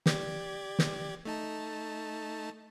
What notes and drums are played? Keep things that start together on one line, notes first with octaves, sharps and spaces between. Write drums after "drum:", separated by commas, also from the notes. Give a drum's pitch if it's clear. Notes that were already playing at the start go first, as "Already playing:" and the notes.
G4 D5 G#6, drum: snare
drum: snare
A3 D#4 A5